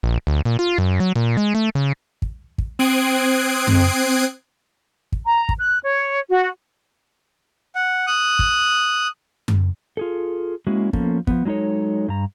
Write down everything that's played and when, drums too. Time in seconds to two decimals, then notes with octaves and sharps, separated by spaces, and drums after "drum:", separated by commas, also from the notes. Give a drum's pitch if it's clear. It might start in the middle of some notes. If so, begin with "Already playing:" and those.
0.03 A#1
0.27 D2
0.45 A#2
0.59 F4
0.78 F#2
1.00 F#3
1.16 A#2
1.37 G#3
1.55 A3
1.75 C#3
2.22 drum: kick
2.58 drum: kick
2.79 C4 D#6 F#6 G#6 C7 D7
3.67 drum: tom F#2
5.12 drum: kick
5.25 A#5
5.49 drum: kick
5.58 F#6
5.82 C#5
6.28 F#4
7.75 F#5
8.07 D#6 F#6
8.39 drum: kick
9.48 drum: tom F#2
9.97 F4 G#4 A4
10.67 G#3 A#3 C#4 E4 F#4
10.93 F3 A#3 B3 C#4 A4, drum: kick
11.27 F3 B3, drum: kick
11.45 F#3 G#3 D#4 A4 C#5
12.08 G2 A#5